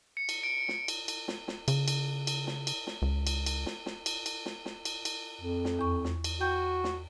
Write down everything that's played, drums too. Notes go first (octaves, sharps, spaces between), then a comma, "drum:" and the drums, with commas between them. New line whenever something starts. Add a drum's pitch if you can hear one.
C#7
drum: cymbal
D7
drum: snare
drum: cymbal
drum: cymbal
drum: snare
drum: snare
C#3, drum: cymbal
drum: cymbal
drum: cymbal
drum: snare
drum: cymbal
drum: snare
C#2
drum: cymbal
drum: cymbal
drum: snare
drum: snare
drum: cymbal
drum: cymbal
drum: snare
drum: snare
drum: cymbal
drum: cymbal
F2
drum: snare
E2 C#6
drum: snare
drum: cymbal
F#4 G5 G6
drum: snare